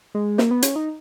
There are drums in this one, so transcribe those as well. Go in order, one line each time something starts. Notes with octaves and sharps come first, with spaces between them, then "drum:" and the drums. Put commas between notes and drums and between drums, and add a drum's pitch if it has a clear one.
G#3
A#3, drum: snare
B3
C#4, drum: hi-hat
D#4